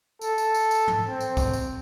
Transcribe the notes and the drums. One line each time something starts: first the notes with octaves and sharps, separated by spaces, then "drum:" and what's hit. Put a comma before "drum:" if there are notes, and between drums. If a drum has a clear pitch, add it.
A4, drum: tambourine
drum: tambourine
drum: tambourine
drum: tambourine
drum: tom
C4
drum: tambourine
drum: kick, tambourine
drum: tambourine